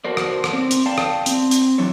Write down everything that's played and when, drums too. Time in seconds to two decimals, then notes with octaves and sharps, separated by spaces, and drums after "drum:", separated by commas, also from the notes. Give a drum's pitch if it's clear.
0.05 F#4 A4 A#4 C5 D5
0.17 drum: rim click
0.44 drum: rim click
0.53 C4
0.71 drum: hi-hat
0.86 D5 F5 G5 A5
0.98 drum: rim click
1.26 C4, drum: hi-hat
1.51 drum: hi-hat
1.78 D3 E3 F#3 D4 E4 C#5